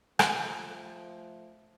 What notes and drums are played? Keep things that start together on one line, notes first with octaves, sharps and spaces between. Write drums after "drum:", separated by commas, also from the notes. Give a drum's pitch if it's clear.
F3 A3, drum: rim click